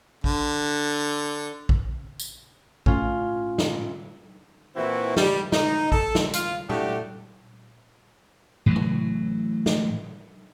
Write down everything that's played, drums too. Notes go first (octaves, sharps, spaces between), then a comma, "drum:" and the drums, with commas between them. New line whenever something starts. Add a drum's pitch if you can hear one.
D3, drum: kick A#1
drum: kick A#1
drum: tambourine
A2 C#4 F4, drum: kick A#1
drum: snare
A#2 E3 C4 E4 F#4
G3, drum: snare
D#4, drum: snare
A4, drum: kick A#1
drum: snare
F4, drum: hi-hat
A2 A3 D4 F#4 G4, drum: tom A#2
A2 E3 F#3
drum: tom C3
drum: snare